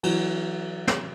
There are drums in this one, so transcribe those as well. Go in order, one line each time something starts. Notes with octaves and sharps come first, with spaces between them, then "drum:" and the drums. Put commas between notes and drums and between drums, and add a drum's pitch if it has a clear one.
E3 F#3, drum: cymbal
drum: snare